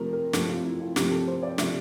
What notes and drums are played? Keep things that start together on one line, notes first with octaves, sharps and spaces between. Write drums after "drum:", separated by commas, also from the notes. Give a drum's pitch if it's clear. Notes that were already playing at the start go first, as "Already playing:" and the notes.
Already playing: C3 F3 A3 A#4
A#4
C3 F3 A3 A4, drum: snare
F4
E4
F4
C3 F3 A3 G4, drum: snare
A4
C5
D5
C3 F3 A3 E5, drum: snare